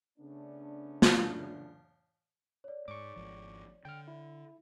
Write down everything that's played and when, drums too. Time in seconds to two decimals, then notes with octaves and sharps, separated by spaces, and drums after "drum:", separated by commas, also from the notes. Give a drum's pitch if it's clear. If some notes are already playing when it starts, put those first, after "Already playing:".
0.18 C#3 A3 B3 C#4 D4
1.02 drum: snare
2.64 C#5 D5
2.88 G#2 C#6 D6
3.16 G#1 F3
3.85 D3 G5 F6
4.08 E4